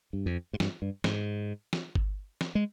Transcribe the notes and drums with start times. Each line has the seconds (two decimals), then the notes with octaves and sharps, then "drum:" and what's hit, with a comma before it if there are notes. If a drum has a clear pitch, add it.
0.13 G2
0.26 F2
0.53 G#2
0.60 G2, drum: snare
0.82 G2
1.04 G#2, drum: snare
1.73 drum: snare
1.95 drum: kick G1
2.41 drum: snare
2.55 G#3